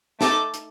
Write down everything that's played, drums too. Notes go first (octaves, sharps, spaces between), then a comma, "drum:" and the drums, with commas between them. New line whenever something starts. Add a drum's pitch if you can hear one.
A3 D#4 A4 D6, drum: snare
drum: hi-hat